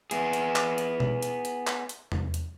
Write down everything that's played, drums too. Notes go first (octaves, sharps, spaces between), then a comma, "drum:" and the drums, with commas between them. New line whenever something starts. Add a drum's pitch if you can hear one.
B3 G#4, drum: hi-hat
drum: hi-hat
drum: clap
drum: hi-hat
drum: tom B2
drum: hi-hat
drum: hi-hat
drum: clap
drum: hi-hat
drum: tom E2
drum: hi-hat